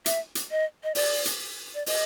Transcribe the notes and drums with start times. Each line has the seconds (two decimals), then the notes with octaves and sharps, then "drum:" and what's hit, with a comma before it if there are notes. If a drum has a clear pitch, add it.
0.06 E5, drum: hi-hat
0.35 drum: hi-hat
0.51 D#5
0.84 D#5
0.95 D5, drum: open hi-hat
1.26 drum: hi-hat
1.74 D5
1.86 D#5, drum: open hi-hat